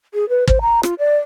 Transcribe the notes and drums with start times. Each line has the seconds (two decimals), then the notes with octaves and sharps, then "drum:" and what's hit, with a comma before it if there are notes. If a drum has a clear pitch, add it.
0.14 G#4
0.29 B4
0.47 C5, drum: kick
0.61 A#5
0.83 F4, drum: rim click
0.99 D5